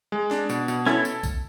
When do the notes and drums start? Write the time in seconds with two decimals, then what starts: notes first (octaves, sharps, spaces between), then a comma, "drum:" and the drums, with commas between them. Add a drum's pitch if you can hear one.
0.12 G#3
0.31 D4, drum: snare
0.49 B2, drum: tambourine
0.68 B2, drum: tambourine
0.86 C#4 E4 A4, drum: snare
1.05 drum: tambourine
1.23 drum: kick B1, tambourine